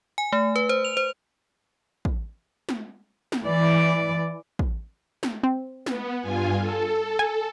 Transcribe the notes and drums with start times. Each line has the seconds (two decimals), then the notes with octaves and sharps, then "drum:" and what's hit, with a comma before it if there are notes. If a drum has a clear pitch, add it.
0.18 G#5
0.33 A3
0.56 B4
0.69 C5
0.85 F7
0.97 C5
2.05 drum: kick
2.69 drum: snare
3.32 drum: snare
3.44 E3 D5
4.59 drum: kick
5.23 drum: snare
5.43 C4
5.86 B3, drum: snare
6.21 G2 F4 G#5
6.58 A4
7.19 G#5